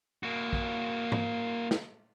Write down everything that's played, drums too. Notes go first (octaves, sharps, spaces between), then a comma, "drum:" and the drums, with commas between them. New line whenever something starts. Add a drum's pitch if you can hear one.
A#3 F#4
drum: kick
drum: tom G#2
drum: snare